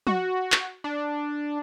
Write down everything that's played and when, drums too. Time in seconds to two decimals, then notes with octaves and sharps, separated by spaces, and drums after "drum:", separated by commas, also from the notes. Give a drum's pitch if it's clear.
0.07 F#4, drum: tom
0.52 drum: clap
0.84 D4